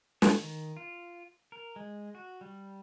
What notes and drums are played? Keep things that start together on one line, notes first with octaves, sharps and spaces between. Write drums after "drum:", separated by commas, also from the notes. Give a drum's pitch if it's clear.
C#5, drum: snare
D#3
F4
A#4
G#3
F#4
G3